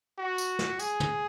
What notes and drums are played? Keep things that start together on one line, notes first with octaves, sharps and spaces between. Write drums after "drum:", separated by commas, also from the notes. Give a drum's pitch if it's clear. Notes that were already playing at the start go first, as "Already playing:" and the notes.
F#4
drum: tambourine
drum: snare
G#4, drum: tambourine
drum: tom